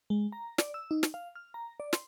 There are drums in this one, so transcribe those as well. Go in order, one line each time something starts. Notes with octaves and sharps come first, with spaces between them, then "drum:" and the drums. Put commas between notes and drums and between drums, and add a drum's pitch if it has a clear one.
G#3
A#5
D5, drum: snare
E6
D#4
drum: snare
F5
F6
A#5
D5
C6, drum: snare